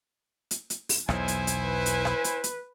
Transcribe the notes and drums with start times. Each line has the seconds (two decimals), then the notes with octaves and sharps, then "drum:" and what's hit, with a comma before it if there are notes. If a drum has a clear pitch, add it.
0.51 drum: hi-hat
0.70 drum: hi-hat
0.89 drum: open hi-hat
1.09 B1 E2 E4 C5 G#5, drum: rim click
1.28 drum: hi-hat
1.47 drum: hi-hat
1.65 B4
1.86 drum: hi-hat
2.05 drum: rim click
2.24 drum: hi-hat
2.44 drum: hi-hat